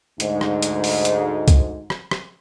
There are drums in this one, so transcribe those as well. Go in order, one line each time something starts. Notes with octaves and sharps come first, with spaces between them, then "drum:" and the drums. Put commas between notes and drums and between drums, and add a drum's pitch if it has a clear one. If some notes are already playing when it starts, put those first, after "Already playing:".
D2 G#2, drum: hi-hat
drum: rim click
drum: hi-hat
drum: open hi-hat
drum: hi-hat
drum: kick, hi-hat
drum: rim click
drum: rim click